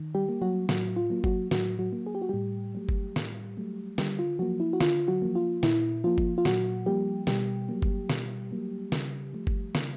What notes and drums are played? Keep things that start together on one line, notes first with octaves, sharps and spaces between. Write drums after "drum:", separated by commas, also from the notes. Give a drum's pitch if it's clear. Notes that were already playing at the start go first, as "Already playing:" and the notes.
Already playing: D#3
G3 G4
G3 A#3
F#3 F#4
A2 F#3 F#4, drum: snare
F4
F#3 A#3
F#3 F#4, drum: kick G1
A2 F#3 F#4, drum: snare
F#3 F#4
F#3 A#3
G#4
G4
F#4
A2 G3 G4
F#3 A3
drum: kick G1
A2, drum: snare
F#3 A3
D3 G3 G4, drum: snare
F4
F3 F#3 A#3 F#4
E4
F#4
D3 F4, drum: snare
F#3 F#4
F3 A#3
F4
A#2 E4, drum: snare
F3 A#3 F4
drum: kick G1
F4
A#2 F#3 F#4, drum: snare
F3 G3 A#3 G4
B2 G3 G4, drum: snare
F#3 A#3
drum: kick G1
B2, drum: snare
F#3 A#3
C#3, drum: snare
F3 A3
drum: kick G1
C#3, drum: snare